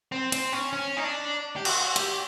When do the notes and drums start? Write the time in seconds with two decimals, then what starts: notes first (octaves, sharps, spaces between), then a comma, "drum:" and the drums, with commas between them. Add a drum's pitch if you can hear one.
0.12 C4
0.32 C4, drum: hi-hat
0.53 C#4
0.73 C#4
0.97 D#4
1.04 D4
1.56 G4
1.65 F#4, drum: cymbal
1.96 G4, drum: hi-hat